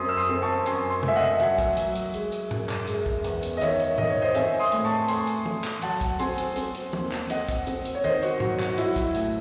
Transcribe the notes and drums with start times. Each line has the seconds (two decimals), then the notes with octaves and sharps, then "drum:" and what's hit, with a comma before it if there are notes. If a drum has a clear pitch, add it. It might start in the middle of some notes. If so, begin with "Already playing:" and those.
Already playing: F#2 C4 C6 D#6
0.09 E6
0.17 C6 D#6
0.29 C4
0.42 A5 C#6
0.66 F#2 G#5 C6, drum: hi-hat
0.90 G#5 C6
1.03 A3, drum: tom
1.08 E5
1.15 D#5 F#5
1.40 F#3 E5 G#5, drum: hi-hat
1.58 drum: kick, hi-hat
1.77 F#3, drum: hi-hat
1.95 drum: hi-hat
2.14 G#3, drum: hi-hat
2.32 drum: hi-hat
2.51 F#2, drum: tom
2.69 drum: clap
2.87 G#3, drum: hi-hat
3.06 drum: kick
3.24 E2, drum: hi-hat
3.43 drum: hi-hat
3.57 D#5
3.61 D#3 C#5 E5, drum: hi-hat
3.80 drum: hi-hat
3.98 D#3 D#5, drum: tom
4.10 C#5
4.22 C5 D#5
4.35 C4 E5 G#5, drum: hi-hat
4.59 C6 D#6
4.72 A2, drum: hi-hat
4.84 A5 C#6
5.08 A3 G#5 C6, drum: hi-hat
5.27 drum: hi-hat
5.46 A3, drum: tom
5.64 drum: clap
5.82 F#3 F#5 A5, drum: hi-hat
6.01 drum: kick, hi-hat
6.19 C4 G#5 C6, drum: hi-hat
6.38 drum: hi-hat
6.56 C4, drum: hi-hat
6.75 drum: hi-hat
6.93 D#2, drum: tom
7.12 drum: clap
7.30 C4 D#5 F#5, drum: hi-hat
7.49 drum: kick, hi-hat
7.67 C4, drum: hi-hat
7.85 drum: hi-hat
7.95 C#5
8.04 D#3 C5 D#5, drum: hi-hat
8.23 F#4, drum: hi-hat
8.40 F#3 F#4, drum: tom
8.60 F#4, drum: clap
8.78 F#3 E4, drum: hi-hat
8.96 drum: kick, hi-hat
9.15 A2, drum: hi-hat